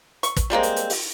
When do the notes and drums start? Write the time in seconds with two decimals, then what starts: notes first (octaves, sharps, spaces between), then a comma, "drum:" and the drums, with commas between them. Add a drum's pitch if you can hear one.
0.23 C#6, drum: hi-hat
0.36 drum: kick, hi-hat
0.50 G3 G#3 A#3 C4
0.63 drum: hi-hat
0.76 drum: hi-hat
0.90 drum: open hi-hat